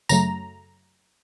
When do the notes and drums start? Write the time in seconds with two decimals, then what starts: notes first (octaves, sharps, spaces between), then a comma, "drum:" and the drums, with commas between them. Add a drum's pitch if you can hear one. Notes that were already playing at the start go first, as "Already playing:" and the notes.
0.09 F#2 C#3 F#3 A3 A#5, drum: tambourine